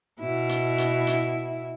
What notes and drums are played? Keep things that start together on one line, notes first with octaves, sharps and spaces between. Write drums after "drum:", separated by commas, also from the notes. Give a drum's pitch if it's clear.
B2 E4
drum: hi-hat
drum: hi-hat
drum: hi-hat